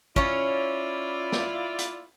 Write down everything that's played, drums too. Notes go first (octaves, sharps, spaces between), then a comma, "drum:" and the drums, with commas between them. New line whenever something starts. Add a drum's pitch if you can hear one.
C#4 E4 F4 C#5 D5, drum: kick
drum: snare
drum: hi-hat